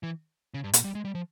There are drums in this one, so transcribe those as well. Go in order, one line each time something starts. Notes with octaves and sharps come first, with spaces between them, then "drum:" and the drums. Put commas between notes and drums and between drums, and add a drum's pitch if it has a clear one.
E3
C#3
G2
A#2, drum: hi-hat
G3
G#3
G3
F3